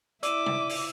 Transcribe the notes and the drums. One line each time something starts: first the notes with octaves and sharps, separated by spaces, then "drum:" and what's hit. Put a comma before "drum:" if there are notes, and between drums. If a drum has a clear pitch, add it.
E4 D5 D6 E6 D#7 E7, drum: hi-hat
drum: tom
drum: open hi-hat